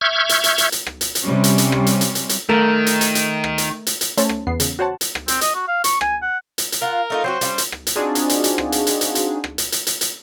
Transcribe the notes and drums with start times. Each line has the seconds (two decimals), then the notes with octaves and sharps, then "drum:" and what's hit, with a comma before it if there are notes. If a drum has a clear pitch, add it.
0.01 E5 C#6 F6 G6 G#6
0.29 drum: hi-hat
0.44 drum: hi-hat
0.58 drum: hi-hat
0.72 drum: hi-hat
0.86 drum: rim click
1.01 drum: hi-hat
1.15 drum: hi-hat
1.25 C3 G3 C#4
1.44 drum: hi-hat
1.58 drum: hi-hat
1.72 drum: rim click
1.87 drum: hi-hat
2.01 drum: hi-hat
2.15 drum: hi-hat
2.29 drum: hi-hat
2.49 D#3 A3 A#4
2.87 drum: hi-hat
3.01 drum: hi-hat
3.15 drum: hi-hat
3.44 drum: rim click
3.58 drum: hi-hat
3.87 drum: hi-hat
4.01 drum: hi-hat
4.17 A3 C#4 C5 C#5 A5, drum: hi-hat
4.29 drum: rim click
4.47 E2 B3 C7
4.60 C#3, drum: hi-hat
4.79 F#4 C5 C#5 F#5 A5
5.01 drum: hi-hat
5.15 drum: rim click
5.28 C4, drum: hi-hat
5.41 D#5, drum: hi-hat
5.54 F#4
5.67 F5
5.84 C#6, drum: hi-hat
6.01 G#5, drum: rim click
6.22 F#5
6.58 drum: hi-hat
6.72 drum: hi-hat
6.82 F4 A#4 F#5
7.10 A3 D#4 F4
7.24 F#3 C4 F#4 C5
7.41 G3 A#3 C#4, drum: hi-hat
7.58 drum: hi-hat
7.72 drum: rim click
7.87 drum: hi-hat
7.96 C4 D4 D#4 F4 F#4 G#4
8.15 drum: hi-hat
8.29 drum: hi-hat
8.44 drum: hi-hat
8.58 drum: rim click
8.72 drum: hi-hat
8.87 drum: hi-hat
9.01 drum: hi-hat
9.15 drum: hi-hat
9.44 drum: rim click
9.58 drum: hi-hat
9.72 drum: hi-hat
9.87 drum: hi-hat
10.01 drum: hi-hat